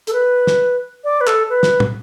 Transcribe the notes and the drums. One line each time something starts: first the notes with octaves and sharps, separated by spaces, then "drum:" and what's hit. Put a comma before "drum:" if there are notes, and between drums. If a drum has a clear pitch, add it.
A4, drum: hi-hat
B4
drum: snare
D5
B4
A4, drum: clap
B4
drum: snare
drum: tom